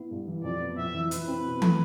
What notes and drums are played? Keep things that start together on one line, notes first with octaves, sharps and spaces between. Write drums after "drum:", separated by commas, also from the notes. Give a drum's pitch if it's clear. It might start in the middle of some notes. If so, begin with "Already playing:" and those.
Already playing: B3 E4
G2
E3
F2 D5
B3
F2 E5
E3
E4 B4, drum: hi-hat
C4
B2
A3, drum: tom E3